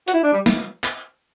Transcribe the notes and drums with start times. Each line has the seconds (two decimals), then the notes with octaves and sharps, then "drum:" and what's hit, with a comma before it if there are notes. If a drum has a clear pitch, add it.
0.08 F#4, drum: hi-hat
0.13 E4
0.23 D4
0.33 G3
0.46 drum: snare
0.84 drum: clap